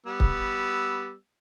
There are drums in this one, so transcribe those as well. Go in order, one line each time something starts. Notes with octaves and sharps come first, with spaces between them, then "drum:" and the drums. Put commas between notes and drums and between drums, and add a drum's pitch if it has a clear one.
G3 B3 E6
drum: kick C#1